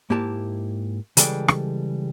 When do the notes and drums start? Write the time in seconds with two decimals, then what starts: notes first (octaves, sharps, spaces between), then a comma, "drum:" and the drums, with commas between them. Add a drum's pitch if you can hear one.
0.10 G#2 A#3 E4 G4 A5
1.17 C#3 E3 G3 G#3 A4 G5, drum: hi-hat
1.48 drum: rim click